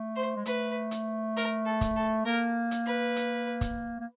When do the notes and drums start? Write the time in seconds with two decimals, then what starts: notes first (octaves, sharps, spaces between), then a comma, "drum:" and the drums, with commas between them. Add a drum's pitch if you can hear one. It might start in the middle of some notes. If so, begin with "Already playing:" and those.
Already playing: A3
0.16 C5
0.36 G#3
0.46 A3 B4, drum: hi-hat
0.91 drum: hi-hat
1.37 A#4, drum: hi-hat
1.65 A4
1.81 drum: kick, hi-hat
1.96 A4
2.26 A#3 A#4
2.71 drum: hi-hat
2.86 B4
3.16 drum: hi-hat
3.61 drum: kick, hi-hat
4.00 A#3